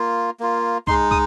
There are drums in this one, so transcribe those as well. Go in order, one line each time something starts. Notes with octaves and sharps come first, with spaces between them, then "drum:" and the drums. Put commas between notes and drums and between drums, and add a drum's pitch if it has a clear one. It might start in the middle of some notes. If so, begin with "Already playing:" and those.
Already playing: A#3 F4
A#3 F4
G#3 D#4 C6, drum: kick
D#6, drum: kick